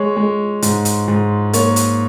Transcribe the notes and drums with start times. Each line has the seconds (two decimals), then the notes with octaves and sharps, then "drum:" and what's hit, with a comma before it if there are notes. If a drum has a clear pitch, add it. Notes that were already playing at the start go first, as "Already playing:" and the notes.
Already playing: G#3 C#5
0.17 G#3
0.62 G#2, drum: hi-hat
0.85 drum: hi-hat
1.08 G#2
1.53 A#3 C#5, drum: hi-hat
1.76 drum: hi-hat